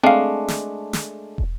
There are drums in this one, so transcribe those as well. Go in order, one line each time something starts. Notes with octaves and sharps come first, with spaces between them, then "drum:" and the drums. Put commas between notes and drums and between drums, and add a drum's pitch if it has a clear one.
G#3 A3 C4 D4 F5
drum: snare
drum: snare
drum: kick